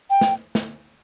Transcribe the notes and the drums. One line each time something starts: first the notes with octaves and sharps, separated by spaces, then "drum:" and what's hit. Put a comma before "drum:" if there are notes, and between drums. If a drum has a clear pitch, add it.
G5
drum: snare
drum: snare